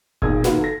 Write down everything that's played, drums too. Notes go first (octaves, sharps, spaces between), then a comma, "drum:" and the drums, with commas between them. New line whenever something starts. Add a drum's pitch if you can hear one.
B1 A#2 G#4 D#6 G#6, drum: kick F#1
D#3 A#3 F4 F#4 B4, drum: snare
A4 A#6